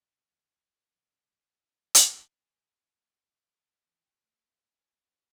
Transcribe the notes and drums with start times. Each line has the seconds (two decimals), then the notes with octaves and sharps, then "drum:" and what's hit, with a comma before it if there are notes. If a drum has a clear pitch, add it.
0.02 A#2
0.31 D2
0.95 B2 F#3
1.95 drum: hi-hat
2.40 G#4
3.86 E3
4.05 G5
4.24 A3
4.48 E5
4.71 G#5
5.10 C5